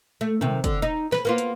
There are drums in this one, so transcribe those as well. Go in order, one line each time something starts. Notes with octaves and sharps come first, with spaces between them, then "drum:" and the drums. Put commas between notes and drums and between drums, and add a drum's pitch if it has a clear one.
A3
C3 D#3, drum: tom
D3, drum: kick, hi-hat
D#4
B4, drum: snare
A#3 B3 F4
drum: hi-hat